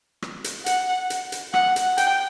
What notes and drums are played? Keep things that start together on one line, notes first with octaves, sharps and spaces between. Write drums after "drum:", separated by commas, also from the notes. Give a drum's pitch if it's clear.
drum: rim click
drum: hi-hat
F#5, drum: hi-hat
drum: hi-hat
drum: hi-hat
F#5, drum: rim click
drum: hi-hat
G5, drum: hi-hat